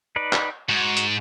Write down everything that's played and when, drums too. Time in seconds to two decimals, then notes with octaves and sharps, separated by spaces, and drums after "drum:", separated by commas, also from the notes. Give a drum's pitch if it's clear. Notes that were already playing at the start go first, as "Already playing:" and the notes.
0.16 D#4 B4 D5
0.33 drum: clap
0.69 G#2 F#4
0.97 drum: hi-hat